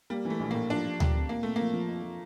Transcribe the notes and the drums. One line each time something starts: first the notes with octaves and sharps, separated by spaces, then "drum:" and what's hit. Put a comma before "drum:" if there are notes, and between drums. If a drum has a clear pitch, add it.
G3 A#3
E3
A3
A#1
A2 A#3
F3 D4
F3
G4, drum: tom D2
C4
A#2 A#3
A3 C4
F3 A#3
F3
F2
F3